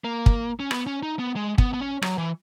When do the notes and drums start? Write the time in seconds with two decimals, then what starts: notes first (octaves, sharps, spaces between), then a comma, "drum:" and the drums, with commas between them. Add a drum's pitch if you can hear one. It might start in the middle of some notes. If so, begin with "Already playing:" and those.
0.04 A#3
0.26 drum: kick
0.60 C#4
0.71 B3, drum: rim click
0.87 C#4
1.03 D#4
1.19 B3
1.36 G#3
1.58 B3, drum: kick
1.74 B3
1.80 C#4
2.02 F#3, drum: rim click
2.18 E3